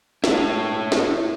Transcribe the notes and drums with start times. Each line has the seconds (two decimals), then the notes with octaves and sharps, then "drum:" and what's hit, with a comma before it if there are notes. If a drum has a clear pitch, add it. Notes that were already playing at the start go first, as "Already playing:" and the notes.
0.24 E4 C#5, drum: snare
0.92 drum: snare